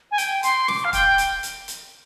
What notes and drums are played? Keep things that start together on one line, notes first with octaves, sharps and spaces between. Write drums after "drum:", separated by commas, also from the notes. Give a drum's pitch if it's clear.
G#5
G5, drum: hi-hat
C6, drum: hi-hat
D6, drum: snare
F5
G5, drum: kick, hi-hat
drum: hi-hat
drum: hi-hat
drum: hi-hat